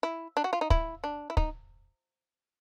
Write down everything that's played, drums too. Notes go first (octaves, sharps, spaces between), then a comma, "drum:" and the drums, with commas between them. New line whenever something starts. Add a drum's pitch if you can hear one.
E4
D4
F#4
F4
D#4
E4, drum: kick
D4
E4
D#4, drum: kick